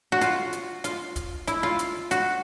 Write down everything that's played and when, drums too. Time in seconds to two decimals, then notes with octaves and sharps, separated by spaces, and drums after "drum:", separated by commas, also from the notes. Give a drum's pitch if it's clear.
0.12 F#4
0.21 F4, drum: hi-hat
0.53 drum: hi-hat
0.84 F4, drum: hi-hat
1.16 drum: kick, hi-hat
1.47 E4, drum: hi-hat
1.63 F4
1.79 drum: hi-hat
2.11 F#4, drum: hi-hat